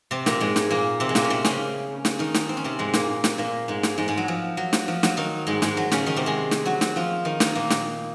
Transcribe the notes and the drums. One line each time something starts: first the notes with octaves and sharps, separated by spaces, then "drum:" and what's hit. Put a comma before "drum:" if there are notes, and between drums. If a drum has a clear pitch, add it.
C3 C4
A#2 A#3, drum: snare
G#2 G#3
drum: snare
A#2 A#3
C3 C4
G#3
A#2 A#3, drum: snare
C#4
C3 C4
C#3 C#4, drum: snare
drum: snare
D#3 D#4
drum: snare
C4
C#4
C3 C4
G#2 G#3
A#2 A#3, drum: snare
drum: snare
A#2 A#3
G#2 G#3
drum: snare
G#2 G#3
G#2 G#3
F#3
F3
F#3
drum: snare
F3
F#3, drum: snare
D#3 D#4
G#2 G#3
G#2 G#3, drum: snare
F#3
C#3 C#4, drum: snare
D#3 D#4
C3 C4
G#3 G#4
drum: snare
F#3 F#4
drum: snare
F3 F4
D#3 D#4
D#3 D#4, drum: snare
A#2 A#3
drum: snare